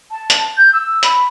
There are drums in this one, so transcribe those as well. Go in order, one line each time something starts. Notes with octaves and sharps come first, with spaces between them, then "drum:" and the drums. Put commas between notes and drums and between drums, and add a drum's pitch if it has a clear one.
A5
drum: hi-hat
G6
E6
B5, drum: hi-hat